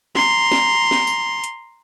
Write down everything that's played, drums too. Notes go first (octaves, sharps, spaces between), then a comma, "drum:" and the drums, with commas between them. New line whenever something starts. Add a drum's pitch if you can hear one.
A#5 C6, drum: snare
drum: snare
drum: snare
drum: tambourine
drum: hi-hat